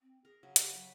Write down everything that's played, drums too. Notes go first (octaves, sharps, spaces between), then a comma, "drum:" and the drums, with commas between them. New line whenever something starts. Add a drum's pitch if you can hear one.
C4
G#4 A#4
C#3 F#3
G4, drum: hi-hat
F#3 B4